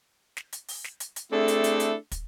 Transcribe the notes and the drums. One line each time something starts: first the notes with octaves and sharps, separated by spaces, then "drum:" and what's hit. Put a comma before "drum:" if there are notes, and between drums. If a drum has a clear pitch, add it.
drum: snare
drum: hi-hat
drum: open hi-hat
drum: snare
drum: hi-hat
drum: hi-hat
A3 C4 D4 E4 G#4 A4
drum: hi-hat
drum: hi-hat
drum: hi-hat
drum: kick, hi-hat